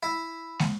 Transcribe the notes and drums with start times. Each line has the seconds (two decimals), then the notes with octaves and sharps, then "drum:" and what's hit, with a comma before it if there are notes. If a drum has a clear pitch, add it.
0.03 E4
0.59 drum: snare